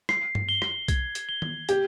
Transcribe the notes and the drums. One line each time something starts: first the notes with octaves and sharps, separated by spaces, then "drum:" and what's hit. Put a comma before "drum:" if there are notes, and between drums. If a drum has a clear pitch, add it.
C7, drum: rim click
drum: tom G2
G7
drum: rim click
G#6, drum: kick B1, hi-hat
drum: hi-hat
G7
drum: tom
G4 G#6, drum: hi-hat